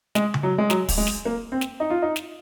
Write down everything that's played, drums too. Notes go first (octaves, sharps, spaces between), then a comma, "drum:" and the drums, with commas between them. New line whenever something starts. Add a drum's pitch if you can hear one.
G#3, drum: snare
drum: tom C#3
F#3
G#3
F#3, drum: snare
drum: kick, open hi-hat
G#3
drum: snare
A#3
C4
drum: snare
D#4
F4
D#4
drum: snare